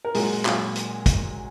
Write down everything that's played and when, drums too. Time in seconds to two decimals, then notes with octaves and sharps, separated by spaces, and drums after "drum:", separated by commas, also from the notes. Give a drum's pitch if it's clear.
0.05 A#4
0.14 A#2 F#3 G#3 G#4, drum: open hi-hat
0.45 A#2 F#3, drum: clap
0.76 drum: hi-hat
1.06 drum: kick, hi-hat